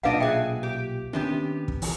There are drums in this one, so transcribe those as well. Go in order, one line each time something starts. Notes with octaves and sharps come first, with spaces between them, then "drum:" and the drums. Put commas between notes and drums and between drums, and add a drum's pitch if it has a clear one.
B1 A#2 G3 D4 B4 D#5 F5 F#5
A3 G#4 B4 E5 G5
G4
C3 D#3 B3 C#4 D4 G4
drum: kick
E3, drum: open hi-hat